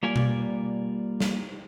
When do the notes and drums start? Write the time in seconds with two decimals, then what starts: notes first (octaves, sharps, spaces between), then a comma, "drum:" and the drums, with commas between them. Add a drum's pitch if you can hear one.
0.03 G3 A#3 F4 D5 G#5
0.16 drum: tom B2
1.20 drum: snare